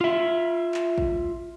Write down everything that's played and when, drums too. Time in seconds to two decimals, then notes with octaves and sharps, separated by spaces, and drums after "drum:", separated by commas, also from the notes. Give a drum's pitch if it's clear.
0.01 F4 E5
0.74 drum: clap
0.98 drum: kick A1